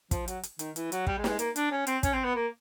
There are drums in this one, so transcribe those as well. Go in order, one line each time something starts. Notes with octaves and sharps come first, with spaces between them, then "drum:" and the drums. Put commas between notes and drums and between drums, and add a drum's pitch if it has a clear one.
F3, drum: kick, hi-hat
F#3, drum: hi-hat
drum: hi-hat
D#3, drum: hi-hat
E3, drum: hi-hat
F#3, drum: hi-hat
G3, drum: kick
G#3
G3, drum: snare
G#3
A#3, drum: hi-hat
D4, drum: hi-hat
C#4
C4, drum: hi-hat
C#4, drum: kick, hi-hat
C4
B3
A#3